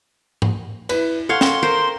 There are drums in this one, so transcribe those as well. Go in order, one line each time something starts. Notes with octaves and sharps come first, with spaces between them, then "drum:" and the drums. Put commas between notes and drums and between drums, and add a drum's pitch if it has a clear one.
drum: tom G#2
E4 B4, drum: cymbal
A4 C#5 F5 F#5 C6
drum: snare
A#4 C5 G5